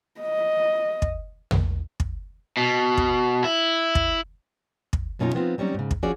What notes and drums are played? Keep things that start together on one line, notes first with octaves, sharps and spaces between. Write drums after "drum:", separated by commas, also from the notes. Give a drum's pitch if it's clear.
D#5
drum: kick
drum: tom
drum: kick
B2
drum: kick
E4
drum: kick
drum: kick
F#2 B2 C#4 D#4 F4
F3 B3 C4 D#4 F4
F#3 G3 C4 C#4 D#4
G#2 C#3
drum: kick
F3 C#4 F#4 G#4 D5